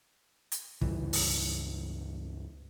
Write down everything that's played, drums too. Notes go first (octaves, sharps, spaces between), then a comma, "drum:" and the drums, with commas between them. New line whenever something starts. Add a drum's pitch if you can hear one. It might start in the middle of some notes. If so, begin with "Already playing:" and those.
drum: hi-hat
C#2 G2 E3, drum: kick
drum: open hi-hat